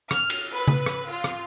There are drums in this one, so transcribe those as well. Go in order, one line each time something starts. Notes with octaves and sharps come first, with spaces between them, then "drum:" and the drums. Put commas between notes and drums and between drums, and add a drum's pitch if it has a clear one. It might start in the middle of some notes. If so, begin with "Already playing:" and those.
F6, drum: rim click
drum: cymbal
B4
drum: tom C#3
drum: rim click
F4
drum: rim click